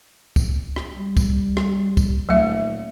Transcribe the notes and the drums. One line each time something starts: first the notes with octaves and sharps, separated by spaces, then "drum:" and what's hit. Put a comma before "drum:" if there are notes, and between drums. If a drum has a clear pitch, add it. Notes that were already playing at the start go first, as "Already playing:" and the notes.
drum: kick, tambourine
drum: rim click
G3
drum: kick, tambourine
drum: rim click
drum: kick, tambourine
D#1 F#3 A3 E5